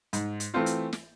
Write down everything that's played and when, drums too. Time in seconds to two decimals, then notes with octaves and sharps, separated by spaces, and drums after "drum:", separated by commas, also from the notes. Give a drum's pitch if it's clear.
0.13 G#2, drum: hi-hat
0.40 drum: hi-hat
0.54 E3 A3 C4 F4
0.66 drum: hi-hat
0.93 drum: snare